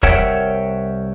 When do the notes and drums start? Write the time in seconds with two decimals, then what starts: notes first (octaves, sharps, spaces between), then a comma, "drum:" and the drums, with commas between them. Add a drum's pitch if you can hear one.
0.03 C2 A#4 C#5 E5 F#5 G5, drum: kick